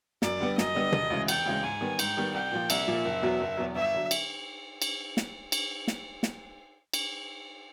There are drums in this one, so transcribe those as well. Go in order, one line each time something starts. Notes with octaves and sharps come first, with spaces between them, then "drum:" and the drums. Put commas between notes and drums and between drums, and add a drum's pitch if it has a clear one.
F#2 D5, drum: snare
D3 G3 B3
F#2 D#5, drum: snare
D3 G3 B3
E1, drum: tom
D2 C#3 E3 G#3
E1 G5, drum: cymbal
D2 C#3 E3 G#3
G#2 G#5
D#3 G3 B3
G#2 G5, drum: cymbal
D#3 G3 B3
C2 G5
A#2 F3
C2 E5, drum: cymbal
A#2 F3
F#1
E2 B2 F#3
F#1
E2 B2 F#3
G1 E5
D3 F#3
drum: cymbal
drum: cymbal
drum: snare
drum: cymbal
drum: snare
drum: snare
drum: cymbal